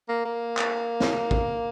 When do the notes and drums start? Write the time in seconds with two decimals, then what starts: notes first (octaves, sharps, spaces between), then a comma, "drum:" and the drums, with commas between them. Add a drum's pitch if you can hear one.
0.09 A#3
0.25 A#3
0.57 drum: clap
1.00 drum: snare
1.31 drum: kick